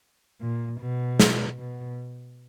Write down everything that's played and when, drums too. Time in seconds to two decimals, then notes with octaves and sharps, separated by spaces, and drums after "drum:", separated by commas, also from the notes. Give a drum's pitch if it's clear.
0.41 A#2
0.80 B2
1.20 drum: snare
1.58 B2